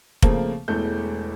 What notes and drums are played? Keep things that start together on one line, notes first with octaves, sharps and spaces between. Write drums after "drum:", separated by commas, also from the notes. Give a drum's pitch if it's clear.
C#3 F3 A3 A#3 C4, drum: kick F1
E1 E2 G#3 A3 G6